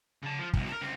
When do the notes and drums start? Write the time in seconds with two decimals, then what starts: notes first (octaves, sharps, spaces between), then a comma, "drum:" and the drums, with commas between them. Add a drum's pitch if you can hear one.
0.23 C#3 A5
0.39 F3
0.53 C2 B2, drum: kick
0.69 A4 A#4
0.81 C#2 C4